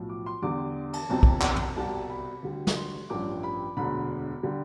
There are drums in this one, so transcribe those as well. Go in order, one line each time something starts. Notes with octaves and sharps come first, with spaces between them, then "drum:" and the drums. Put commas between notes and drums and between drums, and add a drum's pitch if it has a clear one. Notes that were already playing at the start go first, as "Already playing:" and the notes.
Already playing: B1 A2 F3
D6
C6
E2 D3 G3 D6
A5, drum: cymbal
G1 F2 C3 A5
drum: kick
drum: clap
drum: tom
C2 B2 G3 A5
B5
D2 D3 G3
drum: snare
C6
A1 G2 F3 D6
B5
E1 D2 D3 B5
D3 G3